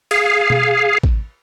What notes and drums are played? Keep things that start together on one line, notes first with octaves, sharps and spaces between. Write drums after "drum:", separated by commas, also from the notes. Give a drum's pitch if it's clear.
G#4 F5, drum: cymbal
drum: tom B2
drum: kick A1